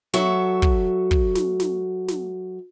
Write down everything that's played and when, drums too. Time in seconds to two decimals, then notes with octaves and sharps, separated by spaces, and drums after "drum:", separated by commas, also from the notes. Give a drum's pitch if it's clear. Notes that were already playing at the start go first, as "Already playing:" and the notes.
0.14 F#3 F#4 A4 E5, drum: snare
0.62 drum: kick
1.11 drum: kick
1.35 drum: snare
1.60 drum: snare
2.08 drum: snare